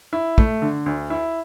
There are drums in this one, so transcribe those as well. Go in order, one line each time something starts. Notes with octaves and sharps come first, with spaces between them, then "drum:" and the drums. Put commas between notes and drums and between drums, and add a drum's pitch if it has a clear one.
E4
A3, drum: kick
D3
D2
E4